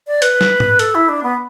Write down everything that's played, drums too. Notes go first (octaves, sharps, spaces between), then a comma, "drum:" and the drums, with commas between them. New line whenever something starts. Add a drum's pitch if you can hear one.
D5
B4, drum: hi-hat
drum: snare
drum: tom G#2
A4, drum: hi-hat
E4
D4
B3